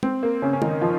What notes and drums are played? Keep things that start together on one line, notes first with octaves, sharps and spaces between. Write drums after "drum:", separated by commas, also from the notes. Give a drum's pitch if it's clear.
C4, drum: tom
A#3
C#3 C#4
C#4
D#3 D#4, drum: tom
F3 F4